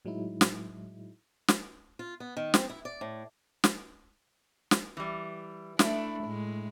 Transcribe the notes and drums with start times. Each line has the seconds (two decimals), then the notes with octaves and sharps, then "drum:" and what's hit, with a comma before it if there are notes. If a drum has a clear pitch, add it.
0.05 A2 F#3 G#3 D#4 E4
0.41 drum: snare
1.48 drum: snare
1.99 F4
2.20 B3
2.37 D#3
2.54 C4, drum: snare
2.69 E4
2.85 D5
3.01 A2
3.64 drum: snare
4.71 drum: snare
4.97 E3 G3
5.79 A3 D4 E4, drum: snare
6.24 A2 G#3